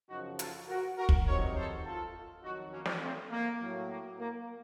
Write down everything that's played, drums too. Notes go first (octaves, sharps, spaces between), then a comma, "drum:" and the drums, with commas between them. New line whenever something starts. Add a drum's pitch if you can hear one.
F#2 C#3 F3 D#4 F#4
F4 A4, drum: hi-hat
F#4 A#4
F#4 A#4
drum: kick
F2 C3 D#3 F#3 A#4 C#5
A4 C5
F4 A4
F2 D#3 F#3 D#4 F#4
A#3 C#4
drum: snare
A3 C4
A#3
A2 F#3
A#3
A#3